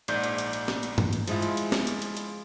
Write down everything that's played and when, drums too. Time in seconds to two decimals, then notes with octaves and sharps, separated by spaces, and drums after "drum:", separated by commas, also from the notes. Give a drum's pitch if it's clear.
0.08 A#1 G#2 D5 G6, drum: hi-hat
0.24 drum: hi-hat
0.38 drum: hi-hat
0.53 drum: hi-hat
0.68 drum: snare
0.83 drum: hi-hat
0.98 drum: tom
1.13 drum: hi-hat
1.28 F3 G#3 E4 F4, drum: hi-hat
1.42 drum: hi-hat
1.57 drum: hi-hat
1.72 drum: snare
1.87 drum: hi-hat
2.02 drum: hi-hat
2.17 drum: hi-hat